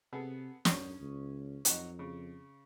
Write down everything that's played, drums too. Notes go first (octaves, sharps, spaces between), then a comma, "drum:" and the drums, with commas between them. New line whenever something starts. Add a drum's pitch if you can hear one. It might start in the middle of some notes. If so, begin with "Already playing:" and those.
C3 B3 G#4 A4
F#2 C#4 C#6 D#6, drum: snare
C#2
F2 F#3 D#4, drum: hi-hat
C#3